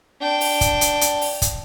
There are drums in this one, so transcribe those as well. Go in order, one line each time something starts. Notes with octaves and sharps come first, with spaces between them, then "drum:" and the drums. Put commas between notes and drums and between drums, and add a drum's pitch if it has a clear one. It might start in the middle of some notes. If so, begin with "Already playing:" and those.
D4 G5
drum: open hi-hat
drum: kick, hi-hat
drum: hi-hat
drum: hi-hat
drum: open hi-hat
drum: kick, hi-hat